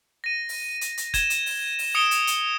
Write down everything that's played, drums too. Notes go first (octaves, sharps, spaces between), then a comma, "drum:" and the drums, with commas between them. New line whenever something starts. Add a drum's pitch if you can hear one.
A#6 D#7
drum: open hi-hat
drum: hi-hat
drum: hi-hat
G#6 E7 G7, drum: kick, hi-hat
drum: hi-hat
drum: open hi-hat
drum: open hi-hat
D#6 C#7 D7 E7 G7
drum: hi-hat
drum: hi-hat